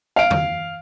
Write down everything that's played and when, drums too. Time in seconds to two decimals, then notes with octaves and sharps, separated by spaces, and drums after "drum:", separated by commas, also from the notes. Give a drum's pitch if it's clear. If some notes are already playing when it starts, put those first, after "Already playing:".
0.16 F5 D7
0.31 drum: tom